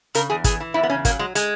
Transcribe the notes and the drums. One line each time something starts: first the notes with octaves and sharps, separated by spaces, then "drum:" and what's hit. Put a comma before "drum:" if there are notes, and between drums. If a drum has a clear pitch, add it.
C#3 A#4, drum: hi-hat
E2 G#4
E3 G#4, drum: kick, hi-hat
E3
E2 E4
B3
C#3 C#4
F#3 A#3, drum: kick, hi-hat
F#3 G#3
G#3, drum: hi-hat